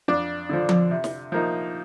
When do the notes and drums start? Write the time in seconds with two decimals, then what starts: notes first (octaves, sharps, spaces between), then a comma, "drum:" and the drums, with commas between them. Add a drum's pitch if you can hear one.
0.08 F2 D4 D5
0.49 D3 F3
0.69 drum: tom F3
0.91 C3
1.04 drum: snare
1.32 F3 A#3 D#4